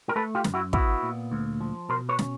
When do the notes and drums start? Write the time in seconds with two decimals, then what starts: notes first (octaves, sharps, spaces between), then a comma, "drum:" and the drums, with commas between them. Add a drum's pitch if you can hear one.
0.09 A#4
0.15 A3 A4 B4
0.35 F4 G4
0.44 F#2, drum: snare
0.54 E4 F#4
0.73 B3 E4 F#4, drum: kick
1.02 A#2
1.32 D2
1.61 F3
1.89 B2 A#4 C5
2.09 B4 C#5
2.19 C#4, drum: snare